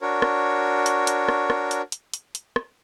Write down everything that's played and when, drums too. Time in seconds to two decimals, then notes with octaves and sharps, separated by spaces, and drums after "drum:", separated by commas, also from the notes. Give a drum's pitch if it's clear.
0.01 D4 F#4 A#4 C#5
0.22 drum: rim click
0.86 drum: hi-hat
1.07 drum: hi-hat
1.29 drum: rim click
1.50 drum: rim click
1.71 drum: hi-hat
1.92 drum: hi-hat
2.14 drum: hi-hat
2.35 drum: hi-hat
2.56 drum: rim click